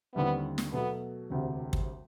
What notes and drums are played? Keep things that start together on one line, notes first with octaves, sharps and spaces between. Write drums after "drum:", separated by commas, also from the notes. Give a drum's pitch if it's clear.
D#2 D3 G3 B3 C4 E4
drum: snare
B2 F#3 A3 B3
E1 D2 C3
drum: kick